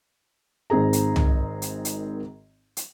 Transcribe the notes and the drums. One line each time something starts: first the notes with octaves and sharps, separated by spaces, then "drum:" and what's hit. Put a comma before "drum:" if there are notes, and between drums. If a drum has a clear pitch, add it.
G#1 D#3 C4 G#4 A#5
drum: hi-hat
drum: tom C2
drum: hi-hat
drum: hi-hat
drum: hi-hat